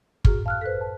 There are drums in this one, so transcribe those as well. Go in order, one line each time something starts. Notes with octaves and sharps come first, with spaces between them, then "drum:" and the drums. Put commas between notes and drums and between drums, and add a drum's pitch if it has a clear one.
F#2 A2 F#4 G#4 F6, drum: kick
F5 A5 F6 F#6
A4 B4 C5 F#6 B6
A5